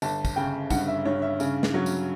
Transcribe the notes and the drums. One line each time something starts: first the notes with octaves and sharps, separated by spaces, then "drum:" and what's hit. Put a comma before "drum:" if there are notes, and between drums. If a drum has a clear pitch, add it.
G1 A5, drum: tambourine
drum: kick, tambourine
C#3 G5
G2 F#5, drum: kick, tambourine
E5
G2 C#5
E5
C#3, drum: tambourine
drum: snare
F#3
drum: tambourine